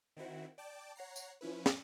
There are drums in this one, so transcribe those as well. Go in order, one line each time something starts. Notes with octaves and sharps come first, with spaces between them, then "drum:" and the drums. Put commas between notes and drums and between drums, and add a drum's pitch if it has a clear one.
D#3 C4 E4 F#4
D5 G5 A5 D6
C#5 F#5 A#5 C7
drum: tambourine
F3 C#4 E4 B4
drum: snare